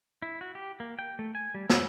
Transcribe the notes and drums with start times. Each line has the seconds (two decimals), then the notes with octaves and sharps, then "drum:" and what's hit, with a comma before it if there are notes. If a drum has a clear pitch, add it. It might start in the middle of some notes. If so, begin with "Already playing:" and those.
0.22 E4
0.41 F#4
0.55 G4
0.80 A#3
0.99 G5
1.19 A3
1.35 G#5
1.55 G3
1.70 E6, drum: snare